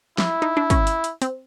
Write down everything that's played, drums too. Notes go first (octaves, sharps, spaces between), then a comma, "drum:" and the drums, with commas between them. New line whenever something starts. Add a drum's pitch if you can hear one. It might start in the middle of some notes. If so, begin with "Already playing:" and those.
E4, drum: snare
D#4
D4
C#4, drum: kick, hi-hat
drum: hi-hat
drum: hi-hat
C4, drum: hi-hat